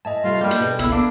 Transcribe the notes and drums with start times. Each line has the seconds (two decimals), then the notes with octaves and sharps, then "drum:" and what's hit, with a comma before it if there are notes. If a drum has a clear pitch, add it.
0.05 A2 D#5 E5 G#5 A5
0.24 C3 G3 A3 F4
0.41 G3 A#3 F4 A4 F6 G6
0.51 drum: hi-hat
0.60 B2 G#4 A4
0.79 G1 C#2 B3 E4 B5, drum: hi-hat
0.92 B3 D4 A#4 F5